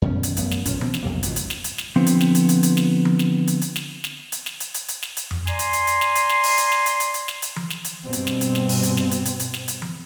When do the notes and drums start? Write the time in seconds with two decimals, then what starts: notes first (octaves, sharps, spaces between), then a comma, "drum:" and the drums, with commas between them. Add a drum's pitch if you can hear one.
0.02 F#2 B2 D#3 C#4
0.23 drum: hi-hat
0.37 A1 F#2 B3, drum: hi-hat
0.51 drum: snare
0.65 B1 A#2 C#4, drum: hi-hat
0.81 B2 F3 C4, drum: tom E3
0.94 drum: snare
1.03 B1 F2 C3 A#3
1.23 G#1 C#2 F#2 B2, drum: hi-hat
1.36 drum: hi-hat
1.50 drum: snare
1.64 drum: hi-hat
1.78 drum: snare
1.96 D3 F3 B3 C4
2.06 drum: hi-hat
2.21 drum: snare
2.35 drum: hi-hat
2.49 drum: hi-hat
2.63 drum: hi-hat
2.77 drum: snare
3.05 drum: tom E3
3.19 drum: snare
3.47 drum: hi-hat
3.62 drum: hi-hat
3.76 drum: snare
4.04 drum: snare
4.32 drum: hi-hat
4.46 drum: snare
4.60 drum: hi-hat
4.74 drum: hi-hat
4.88 drum: hi-hat
5.03 drum: snare
5.17 drum: hi-hat
5.31 drum: tom F2
5.47 D5 G#5 A#5 C6, drum: snare
5.59 drum: hi-hat
5.73 drum: hi-hat
5.87 drum: hi-hat
6.01 drum: snare
6.15 drum: hi-hat
6.29 drum: snare
6.43 drum: open hi-hat
6.58 drum: hi-hat
6.72 drum: snare
6.86 drum: hi-hat
7.00 drum: hi-hat
7.14 drum: hi-hat
7.28 drum: snare
7.42 drum: hi-hat
7.56 drum: tom E3
7.70 drum: snare
7.84 drum: hi-hat
8.03 G2 B2 C4
8.13 drum: hi-hat
8.27 drum: snare
8.41 drum: hi-hat
8.55 drum: snare
8.69 drum: open hi-hat
8.83 drum: hi-hat
8.97 drum: snare
9.11 drum: hi-hat
9.25 drum: hi-hat
9.40 drum: hi-hat
9.54 drum: snare
9.68 drum: hi-hat
9.82 drum: tom E3